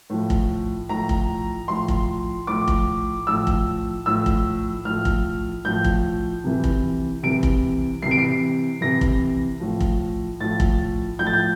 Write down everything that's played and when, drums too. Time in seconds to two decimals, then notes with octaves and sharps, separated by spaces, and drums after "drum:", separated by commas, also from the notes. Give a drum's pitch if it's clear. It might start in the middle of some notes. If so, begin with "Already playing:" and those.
0.10 A2 F3
0.30 drum: kick F1
0.89 A2 F3 A#5
1.09 drum: kick F1
1.68 A2 F3 C6
1.88 drum: kick F1
2.47 A2 F3 D6
2.68 drum: kick F1
3.27 A2 F3 E6
3.47 drum: kick F1
4.06 A2 F3 E6
4.26 drum: kick F1
4.85 A2 F3 F6
5.05 drum: kick F1
5.65 A2 F3 G6
5.84 drum: kick F1
6.44 C3 E3
6.64 drum: kick F1
7.23 C3 E3 D7
7.43 drum: kick F1
8.02 C3 E3 C7
8.11 D7
8.18 C7
8.81 C3 E3 A#6
9.01 drum: kick F1
9.60 A2 F3
9.81 drum: kick F1
10.40 A2 F3 A6
10.60 drum: kick F1
11.19 A2 F3 G6
11.27 A6
11.33 G6